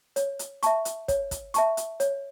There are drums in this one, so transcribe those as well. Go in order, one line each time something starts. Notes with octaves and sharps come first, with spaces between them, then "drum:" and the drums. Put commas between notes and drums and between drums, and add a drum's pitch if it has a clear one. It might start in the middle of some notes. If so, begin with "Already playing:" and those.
C#5, drum: hi-hat
drum: hi-hat
E5 A5 C#6, drum: hi-hat
drum: hi-hat
C#5, drum: kick, hi-hat
drum: kick, hi-hat
E5 A5 C#6, drum: hi-hat
drum: hi-hat
C#5, drum: hi-hat